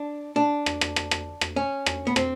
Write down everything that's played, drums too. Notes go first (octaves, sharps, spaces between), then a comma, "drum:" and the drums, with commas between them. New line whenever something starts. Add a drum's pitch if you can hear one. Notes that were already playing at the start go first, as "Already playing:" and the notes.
Already playing: D4
D4
drum: rim click
drum: rim click
drum: rim click
drum: rim click
drum: rim click
C#4
drum: rim click
B3
C4, drum: rim click